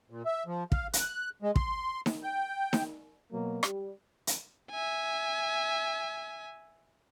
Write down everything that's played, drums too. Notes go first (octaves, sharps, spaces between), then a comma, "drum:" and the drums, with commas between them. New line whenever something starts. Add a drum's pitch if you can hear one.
A#2
E5
F3
F5, drum: kick
F#6, drum: hi-hat
G#3
C6, drum: kick
drum: snare D#4
G5
drum: snare D#4
B2 F#3 A#3
G3, drum: rim click
drum: hi-hat
E5 G#5